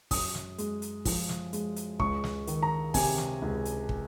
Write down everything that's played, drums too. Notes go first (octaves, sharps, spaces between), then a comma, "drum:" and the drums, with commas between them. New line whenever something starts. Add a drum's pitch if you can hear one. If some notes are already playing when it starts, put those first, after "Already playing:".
F#2 D#6, drum: kick, open hi-hat
drum: snare
G#3, drum: hi-hat
drum: hi-hat
F3, drum: kick, open hi-hat
drum: snare
G#3, drum: hi-hat
drum: hi-hat
C#2 C#6, drum: kick
drum: snare
D#3, drum: hi-hat
A#5
C3 G#5, drum: kick, open hi-hat
drum: snare
C#2
drum: hi-hat
drum: kick